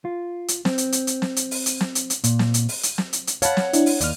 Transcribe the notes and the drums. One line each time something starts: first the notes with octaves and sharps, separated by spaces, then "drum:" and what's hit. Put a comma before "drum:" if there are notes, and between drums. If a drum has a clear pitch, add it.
F4
drum: hi-hat
C4, drum: snare
drum: hi-hat
drum: hi-hat
drum: hi-hat
drum: snare
drum: hi-hat
drum: open hi-hat
drum: hi-hat
drum: snare
drum: hi-hat
drum: hi-hat
A#2, drum: hi-hat
drum: snare
drum: hi-hat
drum: open hi-hat
drum: hi-hat
drum: snare
drum: hi-hat
drum: hi-hat
C#5 F5 F#5 A5 B5, drum: hi-hat
drum: snare
D4 E4, drum: hi-hat
drum: open hi-hat
D#2 D5 F6, drum: hi-hat